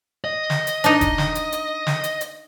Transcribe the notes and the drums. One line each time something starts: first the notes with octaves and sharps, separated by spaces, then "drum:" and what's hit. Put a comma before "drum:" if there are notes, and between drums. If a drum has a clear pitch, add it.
D#5
drum: snare
drum: hi-hat
D4 D#4, drum: hi-hat
drum: kick E1, hi-hat
drum: snare
drum: hi-hat
drum: hi-hat
drum: snare
drum: hi-hat
drum: hi-hat